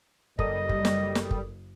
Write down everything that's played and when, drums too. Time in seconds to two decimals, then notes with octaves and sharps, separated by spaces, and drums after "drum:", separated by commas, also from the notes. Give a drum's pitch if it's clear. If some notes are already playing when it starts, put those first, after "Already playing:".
0.39 F#1 G3 A4 A#4 D#5 D#6, drum: kick
0.69 drum: kick
0.85 drum: snare
1.15 drum: snare
1.31 drum: kick